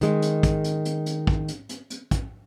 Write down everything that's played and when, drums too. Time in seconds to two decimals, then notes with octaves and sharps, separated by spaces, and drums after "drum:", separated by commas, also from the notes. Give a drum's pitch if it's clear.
0.01 D#3 G#3, drum: hi-hat
0.22 drum: hi-hat
0.43 drum: kick, hi-hat
0.64 drum: hi-hat
0.85 drum: hi-hat
1.06 drum: hi-hat
1.27 drum: kick
1.48 drum: hi-hat
1.69 drum: hi-hat
1.90 drum: hi-hat
2.11 drum: kick, hi-hat